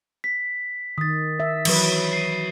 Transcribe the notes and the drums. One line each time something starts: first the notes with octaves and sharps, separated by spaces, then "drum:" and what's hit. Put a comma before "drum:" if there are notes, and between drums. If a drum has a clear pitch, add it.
B6
D#3 D#6 A6
E5
E3 F#3 B4, drum: cymbal
C7 D#7